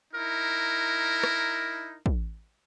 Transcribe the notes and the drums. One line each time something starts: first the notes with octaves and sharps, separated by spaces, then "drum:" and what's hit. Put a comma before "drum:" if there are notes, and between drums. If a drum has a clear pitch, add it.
D#4 E4 A#4
drum: rim click
drum: kick